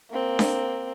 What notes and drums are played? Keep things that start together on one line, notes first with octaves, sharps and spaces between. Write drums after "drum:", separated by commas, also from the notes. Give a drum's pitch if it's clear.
A#3 C4
drum: snare D4